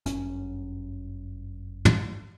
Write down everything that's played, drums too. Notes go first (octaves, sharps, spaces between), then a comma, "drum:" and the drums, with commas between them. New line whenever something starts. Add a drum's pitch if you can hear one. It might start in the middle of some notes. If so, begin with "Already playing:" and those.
G1 F#2 C#4, drum: hi-hat
drum: tom